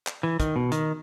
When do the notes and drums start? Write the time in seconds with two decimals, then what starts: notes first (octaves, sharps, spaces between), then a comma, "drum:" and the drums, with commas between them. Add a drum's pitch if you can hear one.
0.07 drum: clap
0.23 E3
0.40 D#3, drum: kick, hi-hat
0.56 B2
0.72 D#3, drum: hi-hat